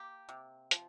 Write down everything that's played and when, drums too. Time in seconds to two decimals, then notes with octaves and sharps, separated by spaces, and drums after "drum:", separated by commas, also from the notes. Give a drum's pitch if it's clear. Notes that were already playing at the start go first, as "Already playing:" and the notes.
Already playing: A#3 G4
0.29 C3
0.71 F3, drum: hi-hat